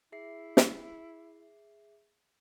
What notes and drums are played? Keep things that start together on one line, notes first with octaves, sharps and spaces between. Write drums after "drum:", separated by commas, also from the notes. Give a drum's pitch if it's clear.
E4 G#4 E5 C7
drum: snare